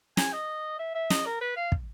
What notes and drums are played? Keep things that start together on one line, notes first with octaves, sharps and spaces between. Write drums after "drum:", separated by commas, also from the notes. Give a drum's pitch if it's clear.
G#5, drum: snare
D#5
E5
E5
D#5, drum: snare
A#4
B4
F5
drum: kick